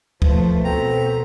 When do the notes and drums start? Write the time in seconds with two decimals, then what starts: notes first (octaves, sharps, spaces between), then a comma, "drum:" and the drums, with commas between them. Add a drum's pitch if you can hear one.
0.22 F3 A3 B4, drum: kick
0.64 B2 C4 A4 A#5